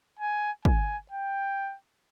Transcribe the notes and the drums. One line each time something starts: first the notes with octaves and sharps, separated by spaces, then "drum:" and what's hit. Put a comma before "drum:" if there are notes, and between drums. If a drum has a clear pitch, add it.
G#5
G#5, drum: kick
G5